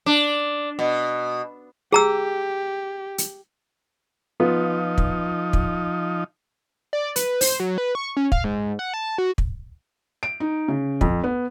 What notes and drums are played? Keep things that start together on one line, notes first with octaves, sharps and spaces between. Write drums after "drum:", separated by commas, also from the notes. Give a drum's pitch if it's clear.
D4
B2
G4 G#4 A#5 E6
drum: hi-hat
F3 B3 D#4 F4
drum: kick
drum: kick
D5
B4, drum: hi-hat
C5, drum: open hi-hat
F#3
B4
C#6
C#4
F5, drum: kick
G#2
F#5
A5
F#4
drum: kick
D7
D#4
C#3
F2, drum: kick
B3